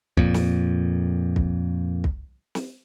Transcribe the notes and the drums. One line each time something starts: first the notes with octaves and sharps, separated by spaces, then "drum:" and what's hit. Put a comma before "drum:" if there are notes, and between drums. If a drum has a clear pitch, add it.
F2 A#2, drum: kick
drum: snare
drum: kick
drum: kick
drum: snare